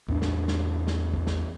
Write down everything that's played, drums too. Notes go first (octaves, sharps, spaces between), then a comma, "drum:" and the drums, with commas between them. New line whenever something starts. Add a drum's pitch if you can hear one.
E2 A2 C4 D4, drum: kick
drum: snare
drum: snare
drum: snare
drum: kick
drum: snare